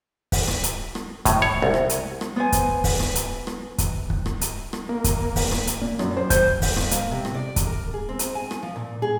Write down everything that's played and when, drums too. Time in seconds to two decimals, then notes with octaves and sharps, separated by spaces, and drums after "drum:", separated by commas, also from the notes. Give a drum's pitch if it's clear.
0.32 drum: kick, open hi-hat
0.48 drum: rim click
0.64 drum: hi-hat
0.95 drum: rim click
1.25 A2, drum: kick, hi-hat
1.42 C#5
1.62 C2
1.74 drum: rim click
1.89 drum: hi-hat
2.21 drum: rim click
2.36 B3 C5 G#5
2.52 drum: kick, hi-hat
2.84 drum: kick, open hi-hat
3.00 drum: rim click
3.15 drum: hi-hat
3.47 drum: rim click
3.78 drum: kick, hi-hat
4.10 drum: kick
4.26 drum: rim click
4.41 drum: hi-hat
4.73 drum: rim click
4.89 A#3
5.04 drum: kick, hi-hat
5.36 drum: kick, open hi-hat
5.52 drum: rim click
5.67 drum: hi-hat
5.81 A#2
5.99 F#2, drum: rim click
6.17 C5
6.30 G6, drum: kick, hi-hat
6.62 drum: kick, open hi-hat
6.76 F2, drum: rim click
6.91 A#3, drum: hi-hat
7.11 C3
7.25 drum: rim click
7.35 D5
7.56 drum: kick, hi-hat
7.67 A#4
7.94 G#4
8.09 C4
8.19 drum: hi-hat
8.35 G#5
8.51 drum: rim click
8.63 F3
8.76 A#2
9.02 G#4